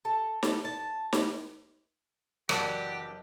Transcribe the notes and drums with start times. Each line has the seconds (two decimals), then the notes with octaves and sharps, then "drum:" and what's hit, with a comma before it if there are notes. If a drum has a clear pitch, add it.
0.05 A4
0.43 A4, drum: snare
0.65 A5
1.13 drum: snare
2.49 F#1 E3 F#3 D4 G4 F#5 A5, drum: rim click